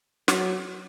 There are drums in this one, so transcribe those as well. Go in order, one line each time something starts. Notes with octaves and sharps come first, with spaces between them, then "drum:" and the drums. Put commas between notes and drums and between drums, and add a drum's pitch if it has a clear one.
F#3, drum: snare